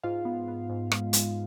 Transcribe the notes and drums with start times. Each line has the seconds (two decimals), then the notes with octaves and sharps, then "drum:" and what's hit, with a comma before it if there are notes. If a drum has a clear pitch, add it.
0.04 G#2 F4 F5
0.25 B3
0.48 B3
0.69 G#2
0.92 G#3, drum: rim click
1.13 G#3, drum: hi-hat